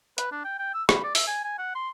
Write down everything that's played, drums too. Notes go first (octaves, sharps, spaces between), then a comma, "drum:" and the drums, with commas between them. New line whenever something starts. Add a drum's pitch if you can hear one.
B4, drum: hi-hat
D4
G5
G5
E6
B5, drum: rim click
D5
E5, drum: open hi-hat
G#5
G#5
F#5
C6